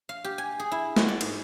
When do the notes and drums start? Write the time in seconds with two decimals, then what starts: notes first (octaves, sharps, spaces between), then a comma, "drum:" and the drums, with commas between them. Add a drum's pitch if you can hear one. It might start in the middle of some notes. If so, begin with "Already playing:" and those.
0.09 F5
0.24 G4
0.38 G#5
0.59 G#4
0.72 E4
0.96 F#4, drum: snare
1.08 D5
1.21 G#2, drum: cymbal